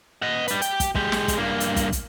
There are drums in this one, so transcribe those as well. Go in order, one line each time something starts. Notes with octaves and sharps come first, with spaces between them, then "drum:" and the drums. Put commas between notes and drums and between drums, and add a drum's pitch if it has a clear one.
D#5 F#5
G3 B4, drum: hi-hat
G4 G5, drum: hi-hat
drum: kick, hi-hat
G#3 G4, drum: kick
drum: snare
drum: kick, hi-hat
G2 A#3
drum: hi-hat
drum: kick, hi-hat
drum: kick, hi-hat